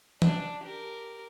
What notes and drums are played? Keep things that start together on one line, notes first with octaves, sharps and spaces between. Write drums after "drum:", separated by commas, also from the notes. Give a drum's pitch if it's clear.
D4, drum: tom E3
G4 A#4